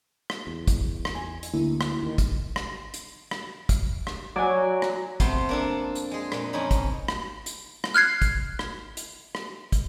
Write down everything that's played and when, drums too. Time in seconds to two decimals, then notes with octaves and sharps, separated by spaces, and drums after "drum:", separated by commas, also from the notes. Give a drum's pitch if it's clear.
0.30 drum: rim click
0.47 E2
0.67 drum: kick, hi-hat
1.05 drum: rim click
1.15 G#5
1.43 drum: hi-hat
1.54 D2 D3 A#3 E4
1.81 drum: rim click
2.03 D#2 D#3
2.18 drum: kick, hi-hat
2.56 drum: rim click
2.94 drum: hi-hat
3.31 drum: rim click
3.69 drum: kick, hi-hat
4.07 drum: rim click
4.36 F#3 D5 G#5
4.82 drum: rim click
5.20 F2 C3 A3 B3 F4 C6, drum: kick, hi-hat
5.49 A#3 D4 A4
5.95 drum: hi-hat
6.11 G#3 G#4
6.32 A#2, drum: rim click
6.53 F2 C#4 D#4 B5
6.71 drum: kick, hi-hat
7.08 drum: rim click
7.46 drum: hi-hat
7.84 drum: rim click
7.94 F6 F#6 G#6 C7
8.22 drum: kick, hi-hat
8.59 drum: rim click
8.97 drum: hi-hat
9.35 drum: rim click
9.72 drum: kick, hi-hat